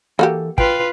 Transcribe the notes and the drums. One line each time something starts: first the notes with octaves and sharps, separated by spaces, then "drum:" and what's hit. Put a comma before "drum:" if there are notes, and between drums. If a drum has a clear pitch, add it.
E3 A#3 F#4 G4 A4
F4 B4 G5, drum: kick